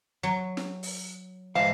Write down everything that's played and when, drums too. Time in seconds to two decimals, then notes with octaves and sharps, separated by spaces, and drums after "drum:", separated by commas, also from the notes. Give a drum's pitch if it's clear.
0.23 F#3
0.57 drum: snare
0.83 drum: open hi-hat
1.55 G#2 E3 F5 A5